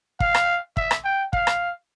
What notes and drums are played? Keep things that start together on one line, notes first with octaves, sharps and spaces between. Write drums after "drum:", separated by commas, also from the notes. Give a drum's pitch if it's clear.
F5, drum: kick
drum: rim click
E5, drum: kick
drum: rim click
G5
F5, drum: kick
drum: rim click